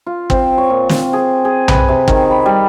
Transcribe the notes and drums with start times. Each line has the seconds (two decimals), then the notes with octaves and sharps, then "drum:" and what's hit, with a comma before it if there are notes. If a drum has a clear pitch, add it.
0.06 F4
0.30 C4, drum: kick
0.58 C#5
0.70 A#2
0.89 C4, drum: snare
1.13 G#4
1.45 G#4
1.68 B4, drum: tom B1
1.89 C3
2.08 D#3, drum: kick
2.31 B5
2.46 G3